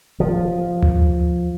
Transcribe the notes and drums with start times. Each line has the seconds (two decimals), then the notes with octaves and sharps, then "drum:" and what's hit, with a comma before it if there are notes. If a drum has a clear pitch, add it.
0.20 F3
0.82 drum: tom D2